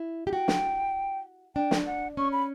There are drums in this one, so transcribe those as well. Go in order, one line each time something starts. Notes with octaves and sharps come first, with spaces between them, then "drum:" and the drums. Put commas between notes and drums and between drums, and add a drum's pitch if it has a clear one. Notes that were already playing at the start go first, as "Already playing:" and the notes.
Already playing: E4
G4
F#4 G5
drum: snare
D4 G5
drum: snare
F#5
C#4 C#6
B5